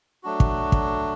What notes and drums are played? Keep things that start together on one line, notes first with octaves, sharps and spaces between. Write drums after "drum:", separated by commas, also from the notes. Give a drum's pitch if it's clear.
F#3 A3 D4 F#4
drum: kick
drum: kick